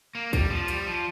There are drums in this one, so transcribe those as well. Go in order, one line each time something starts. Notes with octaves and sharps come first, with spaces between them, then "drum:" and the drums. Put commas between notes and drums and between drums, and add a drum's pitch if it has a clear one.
A#3
G3, drum: kick, hi-hat
F3
G3, drum: hi-hat
F3